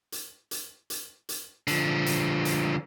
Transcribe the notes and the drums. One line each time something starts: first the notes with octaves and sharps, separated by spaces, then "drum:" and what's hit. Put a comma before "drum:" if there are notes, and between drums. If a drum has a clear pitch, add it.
drum: hi-hat
drum: hi-hat
drum: hi-hat
drum: hi-hat
D3 F3, drum: hi-hat
drum: hi-hat
drum: hi-hat